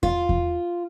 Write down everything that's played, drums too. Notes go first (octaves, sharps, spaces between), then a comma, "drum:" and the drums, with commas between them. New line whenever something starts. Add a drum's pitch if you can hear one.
F4, drum: kick E2
drum: kick E2